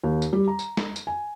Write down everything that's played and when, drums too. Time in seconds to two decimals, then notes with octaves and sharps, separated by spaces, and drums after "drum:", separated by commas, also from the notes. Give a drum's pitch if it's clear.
0.03 D#2
0.22 drum: tambourine
0.33 G3
0.48 A#5
0.59 drum: tambourine
0.77 drum: snare
0.96 drum: tambourine
1.07 G#5